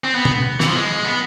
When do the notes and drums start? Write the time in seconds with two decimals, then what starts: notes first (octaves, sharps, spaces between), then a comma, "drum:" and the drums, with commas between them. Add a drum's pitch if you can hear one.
0.04 C4
0.15 B3
0.25 drum: tom
0.60 E3, drum: snare
0.68 F3
0.76 G#3
1.05 B3